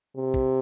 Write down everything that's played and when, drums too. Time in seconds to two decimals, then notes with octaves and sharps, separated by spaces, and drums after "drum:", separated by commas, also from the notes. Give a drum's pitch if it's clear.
0.17 C3
0.34 drum: kick A#1